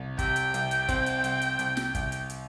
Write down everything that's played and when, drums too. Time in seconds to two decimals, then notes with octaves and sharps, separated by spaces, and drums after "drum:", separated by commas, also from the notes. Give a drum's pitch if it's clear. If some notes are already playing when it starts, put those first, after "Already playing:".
Already playing: C2
0.19 C3 G5, drum: kick, hi-hat
0.36 drum: hi-hat
0.54 C2, drum: hi-hat
0.71 drum: hi-hat
0.88 C4, drum: kick, hi-hat
1.06 drum: hi-hat
1.24 C2, drum: hi-hat
1.41 drum: hi-hat
1.59 C2, drum: hi-hat
1.77 drum: snare
1.95 C2, drum: kick, hi-hat
2.12 drum: hi-hat
2.30 drum: hi-hat